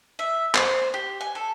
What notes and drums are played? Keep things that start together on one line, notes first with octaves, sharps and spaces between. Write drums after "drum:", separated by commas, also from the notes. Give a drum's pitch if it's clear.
E5
C5, drum: clap
G4
G#5
A4